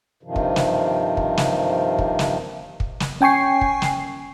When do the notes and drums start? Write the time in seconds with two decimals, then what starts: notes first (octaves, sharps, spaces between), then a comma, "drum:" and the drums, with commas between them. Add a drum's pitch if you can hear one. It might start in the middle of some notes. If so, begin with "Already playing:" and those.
0.23 G2 C3 D#3 F3
0.36 drum: kick
0.56 drum: snare
1.17 drum: kick
1.37 drum: snare
1.99 drum: kick
2.19 drum: snare
2.80 drum: kick
3.00 drum: snare
3.21 C#4 G5 G#5 C#6 C7
3.61 drum: kick
3.82 drum: snare